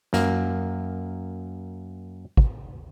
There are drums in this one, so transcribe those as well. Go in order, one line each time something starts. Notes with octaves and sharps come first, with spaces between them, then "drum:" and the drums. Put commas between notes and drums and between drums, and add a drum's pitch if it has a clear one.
F#2 A#3, drum: snare
drum: kick